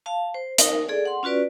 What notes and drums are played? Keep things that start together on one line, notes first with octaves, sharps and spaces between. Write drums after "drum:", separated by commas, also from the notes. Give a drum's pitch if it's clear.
F5 A5
C5
D#4 A#4, drum: hi-hat
G#4 A4 D5
F#5 C6
C#4 F4 F#4 B4 D5